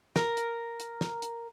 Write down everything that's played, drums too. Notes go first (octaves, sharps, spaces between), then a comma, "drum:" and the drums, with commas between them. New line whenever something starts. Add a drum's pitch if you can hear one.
A#4, drum: snare
drum: hi-hat
drum: hi-hat
drum: snare
drum: hi-hat